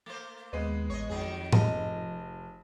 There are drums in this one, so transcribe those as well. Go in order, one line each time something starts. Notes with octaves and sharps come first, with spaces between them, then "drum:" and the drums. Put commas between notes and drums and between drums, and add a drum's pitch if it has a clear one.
A3 A#3 C5
D#2 G#3 B3
A1 C#5 D#5
F2 D#3 F#3 G#4
F1 D#5, drum: tom G#2